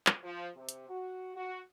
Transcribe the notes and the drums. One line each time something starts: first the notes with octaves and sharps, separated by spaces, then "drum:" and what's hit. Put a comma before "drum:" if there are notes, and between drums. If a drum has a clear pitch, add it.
drum: clap
F3
C3
drum: hi-hat
F#4
F#4